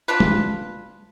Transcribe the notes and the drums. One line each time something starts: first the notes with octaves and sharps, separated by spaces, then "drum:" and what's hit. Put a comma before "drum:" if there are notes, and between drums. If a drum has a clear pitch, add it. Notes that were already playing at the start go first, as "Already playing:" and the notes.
D4 F4 B4
drum: tom